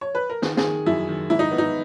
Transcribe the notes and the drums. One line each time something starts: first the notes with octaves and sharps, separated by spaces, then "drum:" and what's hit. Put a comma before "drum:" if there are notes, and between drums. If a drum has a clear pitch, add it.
C#5
B4
A#4
D#3 G#4, drum: snare
G#4, drum: snare
D#3
F#2 E4
D#3
G#2 E4
D#4
B3
D#4